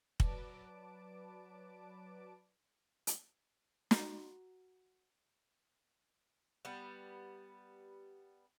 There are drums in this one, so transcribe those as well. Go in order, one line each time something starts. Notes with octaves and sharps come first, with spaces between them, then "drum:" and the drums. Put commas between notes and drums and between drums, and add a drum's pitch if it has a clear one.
F#3 B4 D5 A5 D6 D7, drum: kick
drum: hi-hat
F#4 A#5, drum: snare
G3 B3